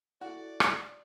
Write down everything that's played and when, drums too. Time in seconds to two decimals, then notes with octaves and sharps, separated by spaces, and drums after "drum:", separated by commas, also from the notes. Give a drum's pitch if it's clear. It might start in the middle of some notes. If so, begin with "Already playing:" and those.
0.21 E4 F#4 A4 D5
0.60 drum: rim click